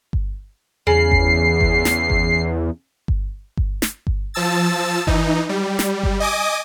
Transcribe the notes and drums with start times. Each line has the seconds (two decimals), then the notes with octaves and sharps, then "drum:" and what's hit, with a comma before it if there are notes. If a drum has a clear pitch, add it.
0.13 drum: kick G1
0.87 E2 C#3 C7
1.11 drum: kick G1
1.61 drum: kick G1
1.85 drum: snare
2.10 drum: kick G1
3.08 drum: kick G1
3.57 drum: kick G1
3.82 drum: snare
4.07 drum: kick G1
4.34 F3 A5 E6 A6
5.07 E3 D#4, drum: kick G1
5.49 G3
5.79 drum: snare
6.03 drum: kick G1
6.20 D#5 G#5 D6 D#6